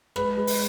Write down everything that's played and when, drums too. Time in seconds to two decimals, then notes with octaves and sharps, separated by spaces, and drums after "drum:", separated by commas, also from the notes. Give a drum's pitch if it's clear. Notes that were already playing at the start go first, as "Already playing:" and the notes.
0.16 G#3 B4, drum: rim click
0.37 G#3
0.47 drum: open hi-hat